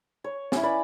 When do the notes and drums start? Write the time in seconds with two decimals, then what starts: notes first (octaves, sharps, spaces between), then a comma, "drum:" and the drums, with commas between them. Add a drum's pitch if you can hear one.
0.24 C#5
0.52 C#4 E4, drum: snare
0.63 B4 D5 B5